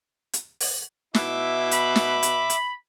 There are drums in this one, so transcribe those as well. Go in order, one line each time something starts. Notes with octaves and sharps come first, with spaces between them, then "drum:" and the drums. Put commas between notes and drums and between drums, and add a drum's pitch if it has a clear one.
drum: hi-hat
drum: open hi-hat
B2 E4 E5 D6, drum: snare
B5, drum: hi-hat
drum: snare
drum: hi-hat
drum: hi-hat